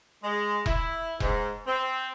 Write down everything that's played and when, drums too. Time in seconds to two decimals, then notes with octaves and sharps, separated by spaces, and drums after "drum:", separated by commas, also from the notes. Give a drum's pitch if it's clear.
0.22 G#3
0.66 E4, drum: kick E1
1.20 G#2, drum: kick E1
1.66 C4